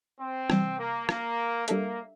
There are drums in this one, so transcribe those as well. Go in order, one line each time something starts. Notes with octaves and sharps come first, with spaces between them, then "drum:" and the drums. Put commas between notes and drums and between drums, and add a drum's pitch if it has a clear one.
C4
C3 E3 G3, drum: rim click
A#3
A#3, drum: rim click
G3 A#3 D4 A4 E5, drum: hi-hat